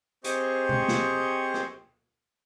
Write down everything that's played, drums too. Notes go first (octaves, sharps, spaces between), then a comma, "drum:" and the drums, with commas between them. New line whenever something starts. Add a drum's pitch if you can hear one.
C4 G4 G#4 C5 D#5 C#6, drum: hi-hat
drum: tom C3
drum: snare
drum: rim click